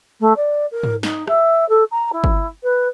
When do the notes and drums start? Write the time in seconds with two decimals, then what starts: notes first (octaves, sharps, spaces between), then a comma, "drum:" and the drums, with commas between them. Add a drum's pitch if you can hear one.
0.20 A3
0.36 D5
0.71 A#4
0.83 drum: tom G#2
1.03 D#4, drum: snare
1.28 E5, drum: rim click
1.69 A4
1.91 A#5
2.12 E4
2.24 drum: kick G1
2.63 B4